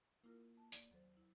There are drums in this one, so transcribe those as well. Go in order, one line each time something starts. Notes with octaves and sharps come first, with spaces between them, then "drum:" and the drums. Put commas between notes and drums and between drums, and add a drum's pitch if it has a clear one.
A#3 E4 F4 A#4
A5
C#5 D5, drum: hi-hat
D#2 F#3 A4 C5
E4